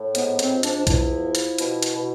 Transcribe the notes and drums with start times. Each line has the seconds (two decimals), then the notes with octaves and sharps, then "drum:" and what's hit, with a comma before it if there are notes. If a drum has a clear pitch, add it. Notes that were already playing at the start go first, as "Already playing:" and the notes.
Already playing: A2
0.15 G#2 B3, drum: hi-hat
0.39 C4, drum: hi-hat
0.51 F3
0.63 D4, drum: hi-hat
0.78 D4
0.87 E2 E4, drum: kick, hi-hat
1.23 F3
1.35 drum: hi-hat
1.58 B2, drum: hi-hat
1.83 drum: hi-hat
1.94 B2